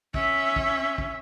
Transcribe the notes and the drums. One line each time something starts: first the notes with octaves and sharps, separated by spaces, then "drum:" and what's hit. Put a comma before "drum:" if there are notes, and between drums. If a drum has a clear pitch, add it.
C#4 E5, drum: kick
drum: kick
drum: kick